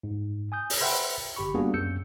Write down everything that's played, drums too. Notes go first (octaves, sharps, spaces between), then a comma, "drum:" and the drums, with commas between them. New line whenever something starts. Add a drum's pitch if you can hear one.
G#2
G#5 D#6 G6
drum: open hi-hat
B4 C5 E5 F#5 G5 B5
G1 G4 B5 C#6
G3 A#3 B3 D4 F#4 G#4
F#2 E6 G6 C#7